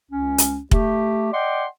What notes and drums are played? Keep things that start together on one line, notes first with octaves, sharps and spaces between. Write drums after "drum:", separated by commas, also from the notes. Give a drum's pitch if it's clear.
C#2 C#4
drum: hi-hat
A3 G4, drum: kick
D5 D#5 F#5 G5 C6